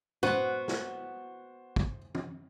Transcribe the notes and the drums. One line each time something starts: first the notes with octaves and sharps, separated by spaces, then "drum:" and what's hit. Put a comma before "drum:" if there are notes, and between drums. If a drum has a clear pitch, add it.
B3 F#4 C5, drum: tom
drum: snare
drum: kick
drum: tom